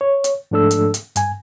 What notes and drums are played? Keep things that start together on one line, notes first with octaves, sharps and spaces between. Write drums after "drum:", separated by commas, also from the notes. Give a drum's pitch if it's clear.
C#5
drum: hi-hat
G#2 F3 A3 D4 A4 E6
drum: hi-hat
drum: hi-hat
G2 G#5, drum: hi-hat